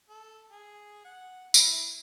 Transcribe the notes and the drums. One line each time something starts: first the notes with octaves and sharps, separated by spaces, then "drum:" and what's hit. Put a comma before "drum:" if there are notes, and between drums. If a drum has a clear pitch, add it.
A4
G#4
F#5
E4, drum: tambourine